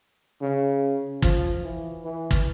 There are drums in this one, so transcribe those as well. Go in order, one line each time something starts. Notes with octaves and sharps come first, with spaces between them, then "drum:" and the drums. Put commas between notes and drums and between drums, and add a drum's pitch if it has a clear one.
C#3
F3, drum: kick
E3
E3
drum: kick